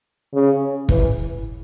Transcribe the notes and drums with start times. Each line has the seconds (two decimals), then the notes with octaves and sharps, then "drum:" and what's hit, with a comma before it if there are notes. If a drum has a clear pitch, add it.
0.34 C#3
0.89 E3, drum: kick